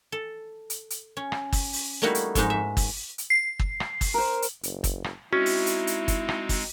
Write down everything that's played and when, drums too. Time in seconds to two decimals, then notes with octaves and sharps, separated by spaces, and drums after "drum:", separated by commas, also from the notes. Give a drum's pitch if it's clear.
0.12 A4
0.70 drum: hi-hat
0.90 drum: hi-hat
1.17 C#4
1.32 drum: rim click
1.53 drum: kick, open hi-hat
1.73 drum: open hi-hat
2.02 G3 A3 A#3 D#4 E4 F#4
2.15 drum: hi-hat
2.35 F2 G#2 G#3 D#4 F#4, drum: kick, hi-hat
2.50 E5
2.77 drum: kick, open hi-hat
3.18 drum: hi-hat
3.30 C7
3.60 drum: kick
3.80 drum: rim click
4.01 drum: kick, open hi-hat
4.14 A#4 C5
4.42 drum: hi-hat
4.63 F#1, drum: hi-hat
4.84 drum: kick, hi-hat
5.04 drum: rim click
5.33 G#3 C4 C#4 D#4 E4 F#4
5.46 drum: open hi-hat
5.66 drum: hi-hat
5.87 drum: hi-hat
6.08 drum: kick, hi-hat
6.29 drum: rim click
6.49 drum: kick, open hi-hat